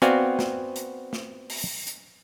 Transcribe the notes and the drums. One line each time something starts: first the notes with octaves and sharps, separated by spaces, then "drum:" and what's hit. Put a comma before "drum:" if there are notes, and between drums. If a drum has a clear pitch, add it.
B3 C4 F#4 D5 F5 G#5, drum: hi-hat
drum: snare
drum: hi-hat
drum: snare
drum: open hi-hat
drum: hi-hat